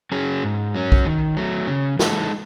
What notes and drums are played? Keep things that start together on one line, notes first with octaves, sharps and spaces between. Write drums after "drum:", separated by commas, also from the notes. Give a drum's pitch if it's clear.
F#3 C#4 G#4
G#2
F#3 C#4
drum: kick
D#3
F#3 A3
C#3
E3 G#3 D#4 A4, drum: snare